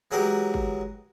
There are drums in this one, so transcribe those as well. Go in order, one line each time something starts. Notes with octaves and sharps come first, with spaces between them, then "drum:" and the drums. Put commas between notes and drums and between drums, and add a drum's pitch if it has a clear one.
E3 F#3 G#3 F#4 G4 A#4
drum: kick G1